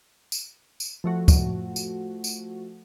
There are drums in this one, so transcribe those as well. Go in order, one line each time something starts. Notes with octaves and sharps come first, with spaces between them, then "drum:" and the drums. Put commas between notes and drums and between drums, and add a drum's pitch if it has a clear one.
drum: tambourine
drum: tambourine
F3 A3 F#4
drum: kick, tambourine
drum: tambourine
drum: tambourine